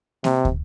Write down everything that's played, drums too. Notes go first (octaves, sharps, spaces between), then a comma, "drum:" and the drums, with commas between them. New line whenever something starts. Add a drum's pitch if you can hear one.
C3, drum: snare A#3
drum: kick